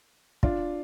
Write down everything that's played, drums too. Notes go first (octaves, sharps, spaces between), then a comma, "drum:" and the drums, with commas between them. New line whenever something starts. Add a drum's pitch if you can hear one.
D4 F4, drum: kick